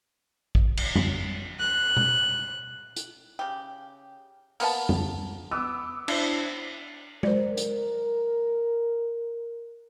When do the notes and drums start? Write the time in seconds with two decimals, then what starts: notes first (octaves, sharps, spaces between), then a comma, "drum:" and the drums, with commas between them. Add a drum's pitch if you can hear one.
0.55 drum: kick
0.77 drum: cymbal
0.95 drum: tom
1.61 F#6
1.97 drum: tom B2
2.96 drum: hi-hat
3.39 C#3 G4
4.60 A#3 B3 B4 A5, drum: open hi-hat
4.89 drum: tom
5.51 B3 D6 E6
6.08 D4 E4 C5, drum: cymbal
7.23 A#4 C5 D5, drum: tom G#3
7.57 drum: hi-hat